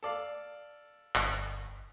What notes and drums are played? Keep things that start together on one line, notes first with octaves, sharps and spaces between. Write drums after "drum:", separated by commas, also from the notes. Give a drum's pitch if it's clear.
A4 D5 F5
G1, drum: clap